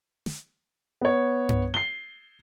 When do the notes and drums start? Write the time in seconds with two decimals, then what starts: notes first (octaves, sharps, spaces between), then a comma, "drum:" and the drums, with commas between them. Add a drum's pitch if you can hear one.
0.26 drum: snare
1.01 B3 C#5
1.49 drum: tom G2
1.74 C7 G7